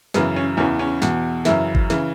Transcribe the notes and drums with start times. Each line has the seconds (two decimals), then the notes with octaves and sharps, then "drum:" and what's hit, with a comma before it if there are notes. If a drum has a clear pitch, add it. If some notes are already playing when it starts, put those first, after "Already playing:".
0.14 F#2 C#3 E3 B3, drum: snare
0.36 C#4
0.57 E2 C#3 E3 C#4
0.79 C#4
1.02 E2 B2, drum: snare
1.45 F#2 C#3 E3 E4, drum: snare
1.75 drum: kick G#1
1.90 C#3 E3, drum: snare